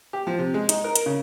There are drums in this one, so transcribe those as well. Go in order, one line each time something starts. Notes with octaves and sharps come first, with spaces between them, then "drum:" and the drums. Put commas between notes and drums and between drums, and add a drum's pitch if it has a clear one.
G4
F3
C3
G#3
D#4, drum: hi-hat
A#4
drum: hi-hat
C#3